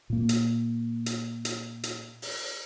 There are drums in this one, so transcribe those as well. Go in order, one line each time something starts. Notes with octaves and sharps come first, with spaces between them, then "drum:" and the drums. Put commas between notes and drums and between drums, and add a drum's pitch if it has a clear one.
A#2 A#3
drum: hi-hat
drum: hi-hat
drum: hi-hat
drum: hi-hat
drum: open hi-hat